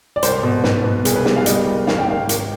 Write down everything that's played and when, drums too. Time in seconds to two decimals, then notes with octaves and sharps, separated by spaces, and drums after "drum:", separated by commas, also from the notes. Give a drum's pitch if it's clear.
0.16 D5
0.23 C2 C5, drum: hi-hat
0.43 B2
0.64 B2 B4, drum: snare
0.84 B2
1.05 C2 G#4, drum: hi-hat
1.15 B4
1.25 G3 G#4, drum: snare
1.36 F5
1.46 G3 D#5, drum: hi-hat
1.66 C2
1.87 G#1 F5, drum: snare
1.99 G5
2.08 G#1 F5
2.29 G#1, drum: hi-hat